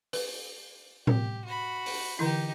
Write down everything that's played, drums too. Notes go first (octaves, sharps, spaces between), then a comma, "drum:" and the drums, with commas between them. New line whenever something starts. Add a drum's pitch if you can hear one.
B4, drum: open hi-hat
G4, drum: tom A2
F#4 B5
drum: open hi-hat
D3 E3 D#4 E4 G4